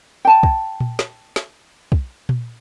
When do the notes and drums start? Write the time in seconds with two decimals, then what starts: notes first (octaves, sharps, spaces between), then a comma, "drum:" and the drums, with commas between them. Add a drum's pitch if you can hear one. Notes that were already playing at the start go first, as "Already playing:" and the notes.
0.25 G5 A5
0.43 drum: kick
0.80 drum: tom A#2
0.99 drum: snare
1.36 drum: snare
1.92 drum: kick
2.29 drum: tom A#2